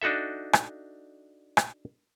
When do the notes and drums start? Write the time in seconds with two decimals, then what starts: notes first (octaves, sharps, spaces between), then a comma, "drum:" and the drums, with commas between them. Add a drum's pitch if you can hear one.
0.02 D4 D#4 F#4 A4 E5
0.53 drum: rim click
1.57 drum: rim click